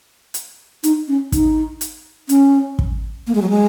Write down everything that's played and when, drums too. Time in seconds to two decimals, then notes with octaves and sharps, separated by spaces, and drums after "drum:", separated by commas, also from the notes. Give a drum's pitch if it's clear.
0.34 drum: hi-hat
0.84 D#4, drum: hi-hat
1.08 C#4
1.32 D#4, drum: kick, hi-hat
1.81 drum: hi-hat
2.29 C#4, drum: hi-hat
2.79 drum: kick
3.27 A#3
3.35 G#3
3.42 F#3
3.50 G#3